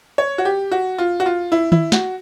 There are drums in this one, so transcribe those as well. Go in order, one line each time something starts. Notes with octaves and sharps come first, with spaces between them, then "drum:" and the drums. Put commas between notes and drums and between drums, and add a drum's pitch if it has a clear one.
C#5
F#4
G4
F#4
F4
F#4
F4
E4
E4, drum: tom D#3
F#4, drum: snare